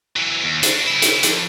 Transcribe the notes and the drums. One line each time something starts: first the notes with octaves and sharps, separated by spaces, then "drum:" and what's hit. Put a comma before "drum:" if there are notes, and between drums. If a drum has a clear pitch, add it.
E3 F#3
D#2
D4 F#4, drum: hi-hat
C#3 E4
drum: hi-hat
F2, drum: hi-hat